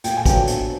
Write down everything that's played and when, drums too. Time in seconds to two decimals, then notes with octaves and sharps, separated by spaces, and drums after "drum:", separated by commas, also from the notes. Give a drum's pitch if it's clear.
0.04 A#2 G5, drum: hi-hat
0.17 G#5
0.25 F#3 B3 D4 G5, drum: kick, hi-hat
0.47 drum: hi-hat